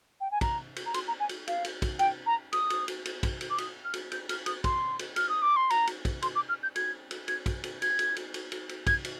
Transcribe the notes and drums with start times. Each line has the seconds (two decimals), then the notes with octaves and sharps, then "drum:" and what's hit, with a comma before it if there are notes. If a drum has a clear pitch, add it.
0.21 G5
0.31 G#5
0.41 A#5, drum: kick, cymbal
0.76 drum: cymbal
0.86 A#5
0.94 C6, drum: cymbal
1.08 A#5
1.20 G#5
1.29 drum: cymbal
1.47 F5, drum: cymbal
1.64 drum: cymbal
1.82 drum: kick, cymbal
1.99 G5, drum: cymbal
2.27 A#5
2.53 D#6, drum: cymbal
2.70 drum: cymbal
2.88 drum: cymbal
3.05 drum: cymbal
3.23 drum: kick, cymbal
3.41 drum: cymbal
3.50 D6
3.58 D#6, drum: cymbal
3.85 F6
3.94 drum: cymbal
4.12 G6, drum: cymbal
4.29 F6, drum: cymbal
4.46 D#6, drum: cymbal
4.64 C6, drum: kick, cymbal
4.99 drum: cymbal
5.16 F6, drum: cymbal
5.29 D#6
5.42 D6
5.56 C6
5.70 A#5, drum: cymbal
5.87 drum: cymbal
6.05 drum: kick, cymbal
6.22 C6, drum: cymbal
6.35 D6
6.49 F6
6.63 G6
6.76 G#6, drum: cymbal
7.11 drum: cymbal
7.28 G#6, drum: cymbal
7.46 drum: kick, cymbal
7.64 drum: cymbal
7.82 G#6, drum: cymbal
7.99 drum: cymbal
8.16 drum: cymbal
8.34 drum: cymbal
8.52 drum: cymbal
8.69 drum: cymbal
8.87 G#6, drum: kick, cymbal
9.05 drum: cymbal